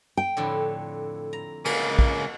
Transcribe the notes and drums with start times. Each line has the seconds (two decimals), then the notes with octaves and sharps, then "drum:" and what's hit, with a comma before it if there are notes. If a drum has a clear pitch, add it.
0.17 G5
0.37 F2 A2 D3
1.33 A#5
1.65 C#2 C#3 A#3, drum: cymbal
1.99 drum: kick